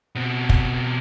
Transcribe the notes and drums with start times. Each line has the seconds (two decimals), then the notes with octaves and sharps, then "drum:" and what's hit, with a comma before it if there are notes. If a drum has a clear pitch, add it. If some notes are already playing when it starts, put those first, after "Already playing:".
0.15 B2 C4
0.49 drum: kick